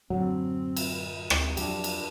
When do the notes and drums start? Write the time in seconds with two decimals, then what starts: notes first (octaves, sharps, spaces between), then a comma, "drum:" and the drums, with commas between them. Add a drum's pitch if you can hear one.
0.10 F#2 A2 D3 F#3 C4
0.77 drum: cymbal
1.30 drum: rim click
1.57 F2 F#3 D4 G4, drum: cymbal
1.84 drum: cymbal